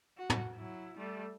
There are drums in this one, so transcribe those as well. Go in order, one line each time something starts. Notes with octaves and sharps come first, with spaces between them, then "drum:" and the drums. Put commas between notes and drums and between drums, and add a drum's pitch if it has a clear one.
F#4
drum: tom
F#3 E4
G3 A3